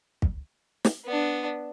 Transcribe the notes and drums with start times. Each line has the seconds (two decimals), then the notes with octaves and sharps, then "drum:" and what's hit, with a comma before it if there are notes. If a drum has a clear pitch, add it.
0.22 drum: kick
0.85 drum: snare
1.05 B3 D4